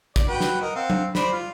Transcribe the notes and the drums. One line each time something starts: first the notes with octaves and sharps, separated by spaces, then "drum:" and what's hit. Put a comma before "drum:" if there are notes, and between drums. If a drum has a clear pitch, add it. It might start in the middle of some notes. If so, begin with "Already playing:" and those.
D5, drum: kick, hi-hat
F#4 B4 G5
drum: snare
A#4 D#5 F#5
C4 F5 F#5
drum: tom F#3
C5 D5 B5, drum: snare
F4